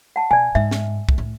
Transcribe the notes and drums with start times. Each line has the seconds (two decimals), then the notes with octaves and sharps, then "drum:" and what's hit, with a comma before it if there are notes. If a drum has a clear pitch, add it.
0.16 F#5 A5
0.31 B2 D5 G#5
0.55 G#2 E5
0.71 drum: snare
1.09 drum: kick C2
1.18 A2